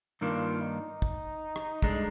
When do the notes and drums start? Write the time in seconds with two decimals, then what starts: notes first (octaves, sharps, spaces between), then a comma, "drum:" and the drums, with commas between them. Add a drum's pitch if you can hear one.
0.21 G2 D#3 A#3 D4 F4
0.61 D#4
1.02 drum: kick
1.56 drum: rim click
1.82 G2 D3 G#3 D4, drum: kick